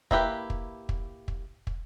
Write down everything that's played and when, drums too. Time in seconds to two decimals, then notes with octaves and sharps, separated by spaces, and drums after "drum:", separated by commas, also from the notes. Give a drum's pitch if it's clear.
0.11 A#3 E4 G4 B4, drum: kick
0.50 drum: kick
0.89 drum: kick
1.28 drum: kick
1.67 drum: kick